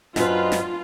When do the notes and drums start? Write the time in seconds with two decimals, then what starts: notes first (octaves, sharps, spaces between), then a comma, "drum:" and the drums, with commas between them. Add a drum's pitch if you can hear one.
0.16 F#2 D4 F4 B4 C5 D#5, drum: snare
0.52 drum: snare